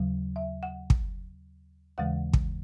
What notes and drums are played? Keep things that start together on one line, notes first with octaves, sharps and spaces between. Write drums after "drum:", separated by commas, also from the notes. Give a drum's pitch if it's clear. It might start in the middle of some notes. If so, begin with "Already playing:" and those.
Already playing: D#2 C#3 F#3
E5
F#5
drum: kick
D#2 C#3 E3 G#3 F#5
drum: kick